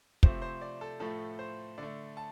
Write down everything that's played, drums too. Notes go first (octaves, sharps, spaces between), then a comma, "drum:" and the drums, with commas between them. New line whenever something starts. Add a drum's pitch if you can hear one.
C3 F3 A3 C5, drum: kick
C5
D5
A4
A2 F3 A3 A4
C5
D3 A3 D5
A5